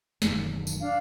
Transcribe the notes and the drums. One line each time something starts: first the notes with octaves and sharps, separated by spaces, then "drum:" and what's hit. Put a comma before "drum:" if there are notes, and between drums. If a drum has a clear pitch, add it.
E1 F#2 D#3, drum: snare
drum: tambourine
D4 F5